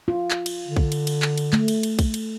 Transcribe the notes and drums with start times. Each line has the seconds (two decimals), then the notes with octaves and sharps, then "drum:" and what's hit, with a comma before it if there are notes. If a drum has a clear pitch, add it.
0.08 F4
0.31 drum: clap
0.46 drum: cymbal
0.67 D3
0.76 drum: kick
0.92 drum: cymbal
1.07 drum: cymbal
1.22 drum: clap
1.38 drum: cymbal
1.53 A3, drum: clap
1.68 drum: cymbal
1.83 drum: cymbal
1.99 drum: kick, cymbal
2.14 drum: cymbal